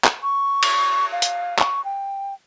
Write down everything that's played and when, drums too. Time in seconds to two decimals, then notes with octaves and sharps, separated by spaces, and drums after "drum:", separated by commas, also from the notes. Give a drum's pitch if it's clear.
0.04 drum: clap
0.23 C#6
0.63 drum: cymbal
1.12 F5
1.22 drum: hi-hat
1.59 C#6, drum: clap
1.84 G5